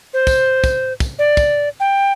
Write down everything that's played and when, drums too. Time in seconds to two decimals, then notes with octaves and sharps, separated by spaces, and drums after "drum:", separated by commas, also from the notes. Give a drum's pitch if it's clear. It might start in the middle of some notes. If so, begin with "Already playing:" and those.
0.14 C5
0.27 drum: kick, tambourine
0.64 drum: kick, tambourine
1.00 drum: kick, tambourine
1.19 D5
1.37 drum: kick, tambourine
1.80 G5